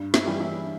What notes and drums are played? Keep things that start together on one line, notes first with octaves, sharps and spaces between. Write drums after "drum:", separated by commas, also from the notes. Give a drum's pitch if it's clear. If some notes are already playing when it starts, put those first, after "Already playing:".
Already playing: G2
E5, drum: snare
E3 G3
E5